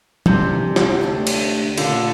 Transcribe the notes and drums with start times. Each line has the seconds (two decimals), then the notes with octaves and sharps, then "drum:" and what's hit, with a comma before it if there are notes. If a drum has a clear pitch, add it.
0.26 C3 E3 G3 D4, drum: tom
0.76 drum: snare
1.01 D2 D3 A3 D4 G4
1.27 drum: cymbal
1.78 A#2 D3 A3 D4 F4, drum: cymbal